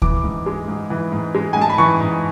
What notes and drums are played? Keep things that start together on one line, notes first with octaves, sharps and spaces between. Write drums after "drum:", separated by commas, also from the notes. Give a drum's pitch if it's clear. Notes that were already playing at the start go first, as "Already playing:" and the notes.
E3 D6, drum: kick D2
G#2
G#3
G#2
E3
G#2
G#3
G#2 G#5
A5
B5
E3 C#6
G#2